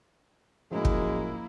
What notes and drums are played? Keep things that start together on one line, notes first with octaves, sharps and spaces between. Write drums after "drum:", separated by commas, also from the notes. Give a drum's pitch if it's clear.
F#2 A2 F3 G#3 A#3 E4
drum: kick